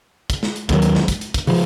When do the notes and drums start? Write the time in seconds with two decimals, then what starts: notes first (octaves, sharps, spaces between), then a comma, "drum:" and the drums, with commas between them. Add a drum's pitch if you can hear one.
0.30 drum: kick, hi-hat
0.43 drum: snare
0.56 drum: hi-hat
0.69 D#2 D#3 F#3, drum: kick, hi-hat
0.82 drum: hi-hat
0.95 drum: snare
1.08 drum: kick, hi-hat
1.21 drum: hi-hat
1.34 drum: kick, hi-hat
1.47 C#3 F3, drum: open hi-hat